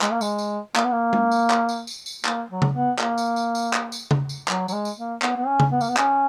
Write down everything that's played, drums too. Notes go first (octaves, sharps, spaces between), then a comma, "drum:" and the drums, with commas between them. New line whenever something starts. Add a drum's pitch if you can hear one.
G#3, drum: clap
A#3
G#3, drum: tambourine
drum: tambourine
A#3, drum: clap
B3
A#3
drum: tom
drum: tambourine
drum: clap
drum: tambourine
drum: tambourine
drum: tambourine
A#3, drum: clap
F#3
drum: tom C#3
B3
A#3, drum: clap
drum: tambourine
drum: tambourine
drum: tambourine
drum: clap
drum: tambourine
drum: tom C#3
drum: tambourine
F#3, drum: clap
F#3, drum: tambourine
G#3
drum: tambourine
A#3
B3, drum: clap
B3
C#4
drum: tom C#3
B3
A#3, drum: tambourine
B3
C#4, drum: clap